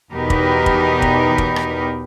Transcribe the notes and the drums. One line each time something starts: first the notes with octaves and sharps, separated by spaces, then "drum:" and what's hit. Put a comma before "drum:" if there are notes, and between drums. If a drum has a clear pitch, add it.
E2 B2 D#4 G4 A#4 B4
drum: kick
drum: kick
drum: kick
drum: kick
drum: rim click